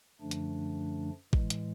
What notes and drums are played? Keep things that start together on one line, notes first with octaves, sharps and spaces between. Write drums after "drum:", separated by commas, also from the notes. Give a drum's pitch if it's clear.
F#2 D3 F3 A3 D4
drum: hi-hat
A2 E3 G#3, drum: kick G#1
drum: hi-hat